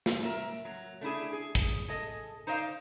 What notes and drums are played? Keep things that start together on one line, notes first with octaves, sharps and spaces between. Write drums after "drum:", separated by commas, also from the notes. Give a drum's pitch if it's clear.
drum: snare
A#4 E5
F#3
A3 D4 E4 G#4
G#4
drum: kick
G#4 A4 D#5
D#4 C5 D5 D#5 F5